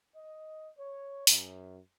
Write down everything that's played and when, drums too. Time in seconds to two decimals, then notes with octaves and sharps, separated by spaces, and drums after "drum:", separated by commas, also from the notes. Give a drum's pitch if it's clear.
0.15 D#5
0.78 C#5
1.27 F#2, drum: open hi-hat